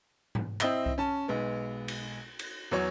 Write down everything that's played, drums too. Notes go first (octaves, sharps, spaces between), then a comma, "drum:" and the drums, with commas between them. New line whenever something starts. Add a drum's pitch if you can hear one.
drum: tom G#2
C4 E4 D#5 E5 G7, drum: clap
drum: kick C2
C#4 A5
B1 G#3 B3
drum: cymbal
drum: cymbal
E2 F#3 C#5 C#6